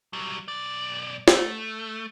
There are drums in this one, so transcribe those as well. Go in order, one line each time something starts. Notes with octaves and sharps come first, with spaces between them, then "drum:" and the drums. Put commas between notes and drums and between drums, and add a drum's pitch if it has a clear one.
F#3 G3
B1 D5
A3, drum: snare